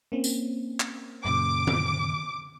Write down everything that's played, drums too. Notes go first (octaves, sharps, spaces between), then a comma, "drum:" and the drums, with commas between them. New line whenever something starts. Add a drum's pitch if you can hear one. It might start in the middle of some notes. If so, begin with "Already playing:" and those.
A#3 C4 C#4
drum: tambourine
drum: clap
F#2 A#2 C#3 D6
drum: tom D3